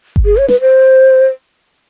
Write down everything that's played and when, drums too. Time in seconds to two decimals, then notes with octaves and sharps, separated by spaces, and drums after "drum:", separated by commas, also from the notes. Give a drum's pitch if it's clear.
0.16 drum: kick G1
0.25 G#4
0.37 C#5
0.48 B4, drum: snare
0.61 C5